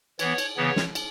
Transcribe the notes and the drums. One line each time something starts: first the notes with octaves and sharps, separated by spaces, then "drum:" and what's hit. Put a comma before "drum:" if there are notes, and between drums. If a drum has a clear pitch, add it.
E3 B3 C#5, drum: cymbal
drum: cymbal
C#3 E3 B3 C#5
drum: snare
drum: cymbal